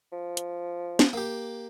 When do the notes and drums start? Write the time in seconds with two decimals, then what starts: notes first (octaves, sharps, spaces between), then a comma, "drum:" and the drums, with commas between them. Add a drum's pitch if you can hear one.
0.12 F3
0.37 drum: hi-hat
0.99 drum: snare
1.13 A#3 G4